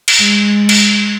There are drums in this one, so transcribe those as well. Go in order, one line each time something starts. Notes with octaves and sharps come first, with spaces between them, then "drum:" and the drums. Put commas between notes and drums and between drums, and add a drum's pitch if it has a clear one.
drum: cymbal
G#3
drum: cymbal